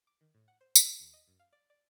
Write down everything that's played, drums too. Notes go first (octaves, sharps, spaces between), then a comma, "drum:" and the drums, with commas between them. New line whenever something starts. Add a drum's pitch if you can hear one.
D6
D#3
A2
F#5
C5
drum: tambourine
E6
D#2
D#5
F#2
F5
D5
D5